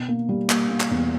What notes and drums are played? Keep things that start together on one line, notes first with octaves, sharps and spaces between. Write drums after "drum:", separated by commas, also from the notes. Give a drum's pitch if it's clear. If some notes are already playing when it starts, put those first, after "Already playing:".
Already playing: B2
A#3
G3
A#3, drum: clap
A#3
drum: clap
E2